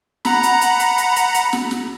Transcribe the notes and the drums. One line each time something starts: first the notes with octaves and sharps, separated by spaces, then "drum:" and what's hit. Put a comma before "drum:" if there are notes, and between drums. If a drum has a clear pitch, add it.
F#5 A#5 B5, drum: snare
drum: hi-hat
drum: hi-hat
drum: hi-hat
drum: hi-hat
drum: hi-hat
drum: hi-hat
drum: snare
drum: snare